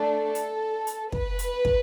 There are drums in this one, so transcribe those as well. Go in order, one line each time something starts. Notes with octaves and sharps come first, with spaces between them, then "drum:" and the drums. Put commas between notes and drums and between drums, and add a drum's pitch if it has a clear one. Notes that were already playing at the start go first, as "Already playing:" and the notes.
Already playing: A3 D4
A4
drum: hi-hat
drum: hi-hat
B4, drum: kick
drum: hi-hat
drum: kick